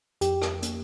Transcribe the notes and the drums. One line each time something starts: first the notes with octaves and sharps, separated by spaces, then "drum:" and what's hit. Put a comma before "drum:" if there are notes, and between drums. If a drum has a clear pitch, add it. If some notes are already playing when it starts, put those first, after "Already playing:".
F2 G4, drum: hi-hat
drum: rim click
A#3, drum: hi-hat